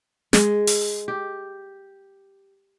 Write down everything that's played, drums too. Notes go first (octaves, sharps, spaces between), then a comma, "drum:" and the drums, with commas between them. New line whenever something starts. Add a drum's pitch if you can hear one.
G#3, drum: snare
drum: open hi-hat
G4